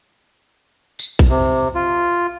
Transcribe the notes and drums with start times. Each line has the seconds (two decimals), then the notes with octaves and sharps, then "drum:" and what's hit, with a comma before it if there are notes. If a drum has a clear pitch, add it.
0.99 drum: tambourine
1.19 drum: kick A#1
1.29 C3
1.75 F4